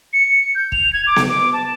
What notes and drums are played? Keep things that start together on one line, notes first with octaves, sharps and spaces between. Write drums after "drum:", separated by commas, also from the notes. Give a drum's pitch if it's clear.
C#7
G6
F7, drum: kick
G#6
D6
drum: snare B3
D6
A5